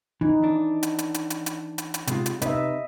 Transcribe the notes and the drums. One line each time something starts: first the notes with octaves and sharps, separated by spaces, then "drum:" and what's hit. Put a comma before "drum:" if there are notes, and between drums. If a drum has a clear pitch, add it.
E3 D#4
E3 D4
drum: hi-hat
drum: hi-hat
drum: hi-hat
drum: hi-hat
drum: hi-hat
drum: hi-hat
drum: hi-hat
C3 G#3 F4, drum: hi-hat
drum: hi-hat
C3 D#4 B4 D#5 E5, drum: hi-hat